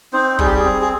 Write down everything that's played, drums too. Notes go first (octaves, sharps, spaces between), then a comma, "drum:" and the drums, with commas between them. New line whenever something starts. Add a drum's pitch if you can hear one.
C4 D#4 C5
G3 G#4, drum: kick
G4
G#4
C4
G#4